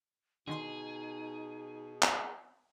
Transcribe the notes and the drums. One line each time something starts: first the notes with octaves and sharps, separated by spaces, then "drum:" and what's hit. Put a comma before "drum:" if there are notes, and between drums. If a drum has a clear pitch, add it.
B2 D3 D#3 D#4 G#4 C6
drum: clap